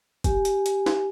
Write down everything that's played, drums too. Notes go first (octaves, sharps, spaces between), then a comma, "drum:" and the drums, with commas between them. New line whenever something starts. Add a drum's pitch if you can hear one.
G4 G#5, drum: kick, hi-hat
drum: hi-hat
drum: hi-hat
drum: snare